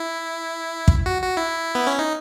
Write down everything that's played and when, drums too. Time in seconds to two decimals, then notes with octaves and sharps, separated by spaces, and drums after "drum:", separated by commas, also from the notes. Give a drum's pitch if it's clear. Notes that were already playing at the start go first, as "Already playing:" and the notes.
Already playing: E4
0.88 drum: kick
1.06 F#4
1.22 F#4
1.37 E4
1.75 B3
1.87 C#4
1.99 D#4